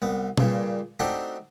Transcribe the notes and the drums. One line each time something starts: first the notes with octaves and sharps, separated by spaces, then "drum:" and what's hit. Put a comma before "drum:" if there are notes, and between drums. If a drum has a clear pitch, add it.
C2 B3
G2 A#2 C#3 G3, drum: tom B2
A3 C4 D4 D#4 F#4 G4